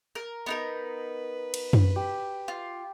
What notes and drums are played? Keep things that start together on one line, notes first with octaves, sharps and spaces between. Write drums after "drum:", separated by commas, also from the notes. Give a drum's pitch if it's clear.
A#4
B3 D#4 A#4 B4
drum: cymbal
drum: tom F#2
G4
F4